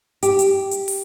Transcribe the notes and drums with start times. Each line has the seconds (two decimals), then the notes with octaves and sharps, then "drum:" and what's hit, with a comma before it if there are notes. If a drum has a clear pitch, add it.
0.23 G4, drum: hi-hat
0.39 drum: hi-hat
0.71 drum: hi-hat
0.88 drum: open hi-hat